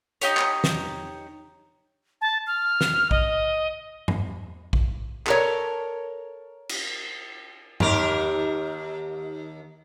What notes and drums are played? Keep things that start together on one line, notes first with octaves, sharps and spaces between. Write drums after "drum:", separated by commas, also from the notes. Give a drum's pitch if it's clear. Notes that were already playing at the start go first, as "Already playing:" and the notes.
D#4 G4 C#5, drum: hi-hat
drum: clap
drum: snare
A5
F6
drum: snare
D#5, drum: kick A#1
drum: tom G2
drum: kick A#1
A4 A#4 C#5, drum: clap
drum: cymbal
D#2 G4 A#4, drum: tom G2